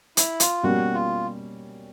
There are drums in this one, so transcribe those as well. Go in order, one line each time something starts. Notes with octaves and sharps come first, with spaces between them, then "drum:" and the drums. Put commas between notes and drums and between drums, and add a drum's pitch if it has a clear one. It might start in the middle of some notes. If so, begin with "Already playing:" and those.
E4, drum: hi-hat
F4, drum: hi-hat
B2 G3 A#3 C#4 F#4
F4